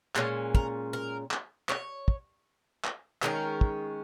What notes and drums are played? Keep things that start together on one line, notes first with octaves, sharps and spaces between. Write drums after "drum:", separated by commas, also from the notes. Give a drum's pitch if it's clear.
A#2 G#3 C#4 C#5, drum: clap
A#4, drum: kick
A#4
drum: clap
C#5, drum: clap
drum: kick
drum: clap
D#3 G#3 C#4 A#4, drum: clap
drum: kick